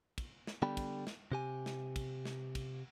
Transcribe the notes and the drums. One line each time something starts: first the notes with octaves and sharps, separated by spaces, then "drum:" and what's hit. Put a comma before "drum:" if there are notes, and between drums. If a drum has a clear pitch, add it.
drum: kick, cymbal
drum: snare
D3 G3 B3 G5 B5
drum: kick, cymbal
drum: snare
C3 G4 G#5
drum: snare
drum: kick, cymbal
drum: snare
drum: kick, cymbal